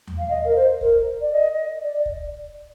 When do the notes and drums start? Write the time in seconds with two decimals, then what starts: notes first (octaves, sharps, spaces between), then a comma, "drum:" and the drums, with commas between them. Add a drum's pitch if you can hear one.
0.07 drum: tom D#2
0.18 F5
0.30 D#5
0.44 A#4
0.55 C5
0.81 A#4, drum: kick
1.21 D5
1.32 D#5
1.84 D5
2.06 drum: kick